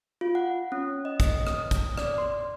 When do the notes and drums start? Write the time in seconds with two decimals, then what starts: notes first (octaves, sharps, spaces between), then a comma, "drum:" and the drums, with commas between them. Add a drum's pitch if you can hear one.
0.21 F4
0.35 F#5
0.72 C#4
1.05 D#5
1.20 D#5, drum: kick, hi-hat
1.47 D#6, drum: rim click
1.71 drum: kick, hi-hat
1.98 D5, drum: rim click
2.18 C6